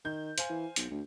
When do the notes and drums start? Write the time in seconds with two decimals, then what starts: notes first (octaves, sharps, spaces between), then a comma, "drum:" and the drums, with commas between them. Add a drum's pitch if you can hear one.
0.05 D#3 G6
0.38 C5 F5 G#5, drum: hi-hat
0.50 E3
0.76 B1, drum: hi-hat
0.90 D2